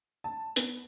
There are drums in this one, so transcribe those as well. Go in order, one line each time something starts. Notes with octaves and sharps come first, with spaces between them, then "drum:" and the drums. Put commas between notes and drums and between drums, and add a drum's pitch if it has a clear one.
A5
B3, drum: hi-hat